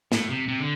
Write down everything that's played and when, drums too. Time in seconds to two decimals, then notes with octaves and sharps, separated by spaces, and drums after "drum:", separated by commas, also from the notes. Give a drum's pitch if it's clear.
0.12 A2, drum: snare
0.30 C3
0.48 C3
0.60 D3